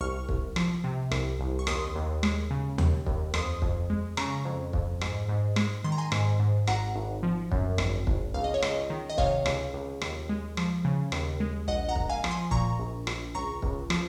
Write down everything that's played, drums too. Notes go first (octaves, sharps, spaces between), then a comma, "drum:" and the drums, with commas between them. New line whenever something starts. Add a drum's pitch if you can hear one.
C2 C#6 F6
C2, drum: kick
F3, drum: rim click
C3
C2, drum: rim click
C2
C#6
D#2 C6 D#6, drum: rim click
D#2
G#3, drum: rim click
C#3
D#2, drum: tom D#2
D#2, drum: kick
F2 C6 D#6, drum: rim click
F2, drum: kick
G#3
C#3 A#5 C#6, drum: rim click
F2
F2, drum: kick
G#2, drum: rim click
G#2
G#3, drum: rim click
D#3 C6
A#5
G#5 C6
G#2, drum: rim click
G#2
G#1 F#5 A#5, drum: rim click
G#1
F3
F#2, drum: kick
G#1, drum: rim click
G#1, drum: kick
C#2 F5
D#5
C#5
C#2 D#5, drum: rim click
D#3
D#5
C3 C#5 F5, drum: kick
C#2, drum: rim click
C#2
D#2, drum: rim click
G#3
F3, drum: rim click
C#3
D#2, drum: rim click
G#3
A#1 D#5 F#5
F#5 A#5
A#1, drum: kick
F5 G#5
F3, drum: rim click
G#5 C6
A#2 A#5 C#6, drum: kick
A#1
A#1, drum: rim click
C#2 A#5 C#6
C#2, drum: kick
F3, drum: rim click